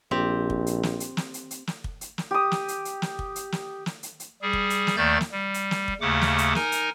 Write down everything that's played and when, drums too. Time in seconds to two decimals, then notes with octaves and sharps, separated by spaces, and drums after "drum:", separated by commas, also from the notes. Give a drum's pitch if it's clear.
0.11 A#1 C4 G4
0.50 drum: kick
0.67 drum: hi-hat
0.83 drum: snare
1.00 drum: hi-hat
1.17 drum: snare
1.34 drum: hi-hat
1.51 drum: hi-hat
1.67 drum: snare
1.84 drum: kick
2.01 drum: hi-hat
2.18 drum: snare
2.31 G4 D#6
2.52 drum: snare
2.68 drum: hi-hat
2.85 drum: hi-hat
3.02 drum: snare
3.19 drum: kick
3.36 drum: hi-hat
3.52 drum: snare
3.86 drum: snare
4.03 drum: hi-hat
4.20 drum: hi-hat
4.42 G3 G#4
4.53 drum: kick
4.70 drum: hi-hat
4.87 drum: snare
4.97 D#2 D#3 A3 D5 G6 A6
5.21 drum: snare
5.32 G3
5.54 drum: hi-hat
5.71 drum: snare
5.88 drum: kick
6.01 D#2 C#3 A3 F#5 D6
6.21 drum: snare
6.38 drum: hi-hat
6.55 D#4 A#4 G#5, drum: snare
6.72 drum: hi-hat